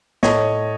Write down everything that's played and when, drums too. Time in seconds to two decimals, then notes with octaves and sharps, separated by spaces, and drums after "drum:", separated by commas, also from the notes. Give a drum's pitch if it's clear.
0.23 A2 C#5 D#5, drum: snare